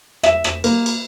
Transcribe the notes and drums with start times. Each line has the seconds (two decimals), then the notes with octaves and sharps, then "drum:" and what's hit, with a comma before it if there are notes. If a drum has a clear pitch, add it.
0.23 E5, drum: rim click
0.44 drum: rim click
0.64 A#3, drum: cymbal
0.86 drum: cymbal